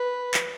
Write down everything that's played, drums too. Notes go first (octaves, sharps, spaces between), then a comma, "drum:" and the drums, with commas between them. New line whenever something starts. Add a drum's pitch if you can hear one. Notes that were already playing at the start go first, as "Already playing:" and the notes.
Already playing: B4
drum: clap